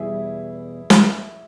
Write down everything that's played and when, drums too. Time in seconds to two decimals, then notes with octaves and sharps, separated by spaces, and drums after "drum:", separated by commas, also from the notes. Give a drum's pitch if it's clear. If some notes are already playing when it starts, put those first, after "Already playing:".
Already playing: E2 B2 G3 E4 G#4
0.90 drum: snare